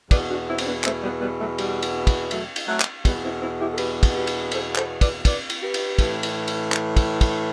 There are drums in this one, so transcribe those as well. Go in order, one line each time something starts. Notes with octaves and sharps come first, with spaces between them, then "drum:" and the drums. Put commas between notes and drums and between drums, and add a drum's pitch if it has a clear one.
E2 B2 B4 D5, drum: kick, cymbal
D4 F#4
C4 E4
C4, drum: cymbal
B3 D4
A3 C4, drum: clap
G3 B3
G3 B3
F#3 A3
G3, drum: cymbal
drum: cymbal
drum: kick, cymbal
F#3 A3, drum: cymbal
drum: cymbal
F#3 A3
drum: clap
E2 B2 G3 B3, drum: kick, cymbal
C4 E4
C4 E4
E4 G4
A4
G4 B4, drum: cymbal
drum: kick, cymbal
G4 B4
drum: cymbal
A4 C5, drum: cymbal
A4 C5, drum: clap
B4 D5, drum: kick, cymbal
B4 D5, drum: kick, cymbal
drum: cymbal
G4 B4
drum: cymbal
A2 E3, drum: kick, cymbal
drum: cymbal
drum: cymbal
drum: clap
drum: kick, cymbal
drum: kick, cymbal